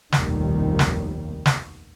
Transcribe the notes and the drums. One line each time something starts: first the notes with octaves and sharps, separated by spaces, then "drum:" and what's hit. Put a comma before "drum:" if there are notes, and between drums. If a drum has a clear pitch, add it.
F1 A#1 D#2 B2 D#3 G3, drum: snare
drum: snare
drum: snare